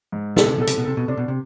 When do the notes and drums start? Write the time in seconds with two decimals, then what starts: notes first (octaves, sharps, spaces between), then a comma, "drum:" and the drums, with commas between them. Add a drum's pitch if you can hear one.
0.12 G#2
0.36 B2 A4, drum: snare
0.48 C3
0.58 B2 A4
0.67 C3, drum: hi-hat
0.78 B2
0.85 C3 A4
0.97 B2
1.08 C3 D4
1.17 B2
1.28 C3